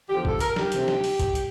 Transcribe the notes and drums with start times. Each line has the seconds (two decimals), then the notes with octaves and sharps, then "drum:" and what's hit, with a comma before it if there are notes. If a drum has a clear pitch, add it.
0.09 E2 D3 F3 G4
0.25 A4, drum: kick
0.40 A#4, drum: hi-hat
0.56 G4, drum: snare
0.72 D2 C3 E3, drum: hi-hat
0.88 drum: snare
1.04 drum: open hi-hat
1.20 drum: kick, hi-hat
1.35 drum: hi-hat